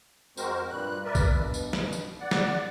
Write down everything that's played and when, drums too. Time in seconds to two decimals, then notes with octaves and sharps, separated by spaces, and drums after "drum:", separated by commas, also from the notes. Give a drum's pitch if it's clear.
0.37 F2 G#3 C4 F#4 A#4 C5, drum: tambourine
0.70 G2 A#2 G3 F#6
1.05 A#4 B4 D5 E5
1.15 drum: kick A#1, tambourine
1.31 G2 B2
1.54 drum: tambourine
1.73 drum: snare
1.93 drum: tambourine
2.20 D5 F#5
2.31 drum: snare